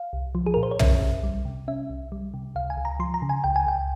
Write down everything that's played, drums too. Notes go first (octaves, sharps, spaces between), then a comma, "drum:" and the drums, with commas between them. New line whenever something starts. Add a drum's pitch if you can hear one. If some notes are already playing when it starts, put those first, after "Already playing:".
Already playing: F5
C2
F3
G#4
A#2 A#4
C5
C#5
C#4 E5, drum: tom
C2
G3
C3
C#4 E5
C2
G3
C3
C#2 F5
G#5
C#2
A#5
F3 C6
A#5
C#3
G#5
C#2 G5
G#5
C#2 G5